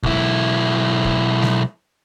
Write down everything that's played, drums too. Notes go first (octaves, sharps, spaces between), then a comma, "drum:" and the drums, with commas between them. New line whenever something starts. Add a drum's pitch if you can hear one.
B1 E4, drum: kick
drum: kick
drum: snare G3